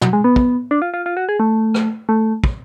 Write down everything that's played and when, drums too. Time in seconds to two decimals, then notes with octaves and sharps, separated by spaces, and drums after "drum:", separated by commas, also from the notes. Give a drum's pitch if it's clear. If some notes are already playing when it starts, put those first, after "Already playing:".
0.02 F#3, drum: tom
0.13 G#3
0.24 B3
0.36 drum: kick
0.71 D4
0.82 F4
0.94 F4
1.06 F4
1.17 F#4
1.29 G#4
1.40 A3
1.74 drum: rim click
2.09 A3
2.44 drum: kick